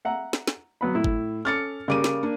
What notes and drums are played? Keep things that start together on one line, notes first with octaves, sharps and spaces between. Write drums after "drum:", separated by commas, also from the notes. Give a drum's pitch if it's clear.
E5 F#5 A#5
drum: snare
drum: snare
F#3 B3 B5
A2 E4
drum: kick
C#4 A4 D6 F6 A6 C#7
C#3 G3 A#3 A#4 D6 D#7
drum: snare
A#3 D4